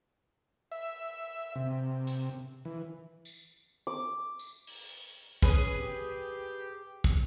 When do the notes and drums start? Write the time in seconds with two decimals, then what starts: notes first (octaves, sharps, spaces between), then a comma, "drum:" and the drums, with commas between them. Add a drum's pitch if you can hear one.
0.72 E5
1.55 C3
2.07 drum: hi-hat
2.65 E3
3.25 drum: tambourine
3.87 D6
4.39 drum: tambourine
4.67 drum: open hi-hat
5.42 C#4 G#4 B4, drum: kick
5.76 G4
7.04 drum: kick